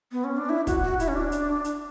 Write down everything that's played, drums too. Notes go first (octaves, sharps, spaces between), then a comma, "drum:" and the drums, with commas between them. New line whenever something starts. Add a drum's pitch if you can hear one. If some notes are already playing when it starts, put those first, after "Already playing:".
B3
C#4
D4
E4
F#4, drum: kick, hi-hat
F#4
E4, drum: hi-hat
C#4
D4
drum: hi-hat
drum: hi-hat